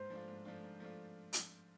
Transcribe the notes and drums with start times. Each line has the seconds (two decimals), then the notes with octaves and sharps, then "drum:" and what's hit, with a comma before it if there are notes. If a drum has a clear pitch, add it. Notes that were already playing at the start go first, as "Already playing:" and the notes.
Already playing: G#2 C5
0.10 F3 A3 D4 F4
0.28 G#2
0.45 F3 A3 D4 F4
0.63 G#2
0.80 F3 A3 D4 F4
1.33 drum: hi-hat